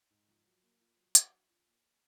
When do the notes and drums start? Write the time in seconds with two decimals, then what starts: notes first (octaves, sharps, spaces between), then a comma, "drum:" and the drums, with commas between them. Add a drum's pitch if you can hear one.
0.10 G#2
0.28 F3
0.46 F#3
0.63 A#3
0.80 F4
0.97 F#3
1.15 F#3, drum: hi-hat
1.32 D4
1.49 F4
1.66 A#3